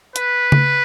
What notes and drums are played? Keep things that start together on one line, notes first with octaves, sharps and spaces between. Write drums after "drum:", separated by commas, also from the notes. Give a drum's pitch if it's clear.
B4, drum: hi-hat
drum: tom C#3